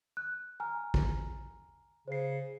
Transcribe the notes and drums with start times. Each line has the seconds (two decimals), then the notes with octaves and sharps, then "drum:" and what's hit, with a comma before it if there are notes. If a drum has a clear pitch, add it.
0.17 F#6
0.60 G#5 A#5 F6
0.94 drum: kick
2.08 C#3 C5 C7